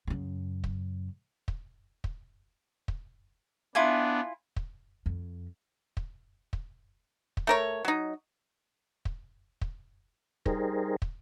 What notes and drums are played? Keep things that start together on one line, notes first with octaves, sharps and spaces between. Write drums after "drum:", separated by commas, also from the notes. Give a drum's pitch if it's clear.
F#2 C#3
drum: kick
drum: kick
drum: kick
drum: kick
B3 D4 E4 F4 G#5
drum: kick
F2
drum: kick
drum: kick
drum: kick
A3 A#4 C#5
F#3 D#4
drum: kick
drum: kick
G3 D#4 G#4 A#4 C5, drum: kick
drum: kick